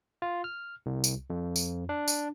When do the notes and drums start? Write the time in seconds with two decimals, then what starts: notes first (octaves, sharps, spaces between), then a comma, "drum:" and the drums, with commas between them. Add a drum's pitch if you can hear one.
0.22 F4
0.44 F6
0.86 C2
1.04 drum: tambourine
1.30 F2
1.56 drum: tambourine
1.89 D4
2.08 drum: tambourine